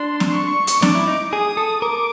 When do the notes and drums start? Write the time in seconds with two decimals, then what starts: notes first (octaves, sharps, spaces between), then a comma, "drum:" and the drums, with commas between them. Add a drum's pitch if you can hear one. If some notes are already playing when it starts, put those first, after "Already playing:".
Already playing: D4 C6
0.20 drum: snare C4
0.32 C#6
0.67 drum: hi-hat
0.82 D4 D6, drum: snare C4
0.95 E4
1.07 D#4
1.33 G#4 D#6
1.57 A4
1.82 A#4 D6